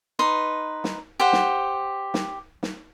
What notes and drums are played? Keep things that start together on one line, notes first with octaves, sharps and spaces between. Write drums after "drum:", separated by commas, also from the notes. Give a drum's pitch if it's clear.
D#4 B4 C6
drum: snare
G4 C5 F#5
drum: snare
drum: snare
drum: snare